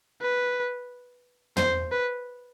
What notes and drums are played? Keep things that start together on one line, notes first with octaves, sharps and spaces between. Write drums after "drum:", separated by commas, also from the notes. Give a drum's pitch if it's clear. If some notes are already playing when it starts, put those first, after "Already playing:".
B4
C5, drum: tom
B4